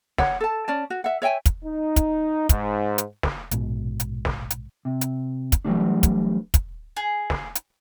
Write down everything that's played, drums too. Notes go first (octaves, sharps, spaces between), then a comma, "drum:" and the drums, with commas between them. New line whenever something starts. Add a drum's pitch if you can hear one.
C#5 F#5, drum: snare
A4 A5
C#4 D5 A5
F#4
E5 F#5
C#5 E5 G5 G#5
drum: kick, hi-hat
D#4
drum: kick, hi-hat
G#2, drum: kick, hi-hat
drum: hi-hat
drum: snare
A#1 G#2 B2, drum: hi-hat
drum: hi-hat
drum: snare
drum: hi-hat
C3
drum: hi-hat
drum: kick, hi-hat
E3 F#3 G3 A3 D4
drum: kick, hi-hat
drum: kick, hi-hat
G#4
drum: snare
drum: hi-hat